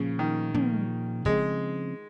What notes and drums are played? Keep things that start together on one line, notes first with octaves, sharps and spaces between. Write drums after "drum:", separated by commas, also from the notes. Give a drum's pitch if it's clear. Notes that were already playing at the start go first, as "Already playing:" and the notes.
Already playing: A#2 C#3 F3 A#3
D#3
A#2 F3 A#3, drum: tom
C#3 F3 G#3 C4, drum: kick